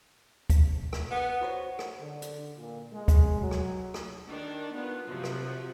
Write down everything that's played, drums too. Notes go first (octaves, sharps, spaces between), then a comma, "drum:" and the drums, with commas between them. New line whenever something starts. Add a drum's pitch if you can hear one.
drum: kick D2, hi-hat
drum: rim click
B3
F#4 C5 C#5
drum: rim click
D3
drum: hi-hat
A#2
G#3
drum: kick D2, hi-hat
F#3
drum: rim click
drum: rim click
D#3 D4
B3 F4
C3 F3 F#3
drum: rim click